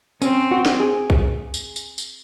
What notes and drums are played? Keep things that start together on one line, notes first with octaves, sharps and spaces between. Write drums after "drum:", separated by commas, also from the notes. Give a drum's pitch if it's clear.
C4 C#4, drum: tambourine
F#4
drum: snare
G#4
drum: kick
drum: tambourine
drum: tambourine
drum: tambourine